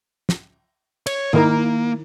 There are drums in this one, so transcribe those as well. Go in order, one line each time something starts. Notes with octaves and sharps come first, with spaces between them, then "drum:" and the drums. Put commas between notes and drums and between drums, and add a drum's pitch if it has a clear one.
drum: snare
C#5, drum: cymbal
D#3 A#3 E4 A#4, drum: tom G#2